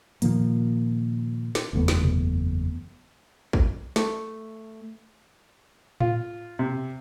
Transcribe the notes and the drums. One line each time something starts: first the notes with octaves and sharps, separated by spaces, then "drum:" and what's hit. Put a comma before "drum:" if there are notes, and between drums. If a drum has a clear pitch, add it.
A#2 D#3 F3 A#3, drum: hi-hat
drum: snare
F#1 E2 A3 B3
drum: snare
drum: tom A#2
drum: kick
A3, drum: snare
F4, drum: tom A2
C3